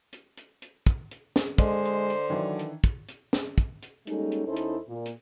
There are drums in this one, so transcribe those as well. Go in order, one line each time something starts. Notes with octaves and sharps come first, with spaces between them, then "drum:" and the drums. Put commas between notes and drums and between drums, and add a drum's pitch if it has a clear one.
drum: hi-hat
drum: hi-hat
drum: hi-hat
drum: kick, hi-hat
drum: hi-hat
drum: snare
D3 G#3 C5 D#5, drum: kick, hi-hat
drum: hi-hat
drum: hi-hat
D#3 E3 F#3 D4
drum: hi-hat
drum: kick, hi-hat
drum: hi-hat
drum: snare
drum: kick, hi-hat
drum: hi-hat
G3 G#3 A#3 C#4 D#4 A4, drum: hi-hat
drum: hi-hat
E2 C#4 D#4 E4 A4 C5
drum: hi-hat
A#2
drum: hi-hat